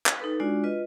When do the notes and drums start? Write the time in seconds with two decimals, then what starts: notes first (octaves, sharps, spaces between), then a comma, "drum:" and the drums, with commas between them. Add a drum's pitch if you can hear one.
0.06 drum: clap
0.19 D#4 A4 B4
0.40 G#3 D4 F4 F#4 D5
0.64 F4 B4 D#5